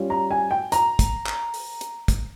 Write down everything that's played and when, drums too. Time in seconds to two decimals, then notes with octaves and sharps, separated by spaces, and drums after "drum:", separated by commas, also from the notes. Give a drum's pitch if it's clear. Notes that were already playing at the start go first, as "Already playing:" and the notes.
Already playing: G3 C#4 F4
0.10 A#5
0.31 G#5
0.51 G5
0.72 A#5, drum: hi-hat
0.99 drum: kick, hi-hat
1.26 drum: clap
1.54 drum: open hi-hat
1.81 drum: hi-hat
2.08 drum: kick, hi-hat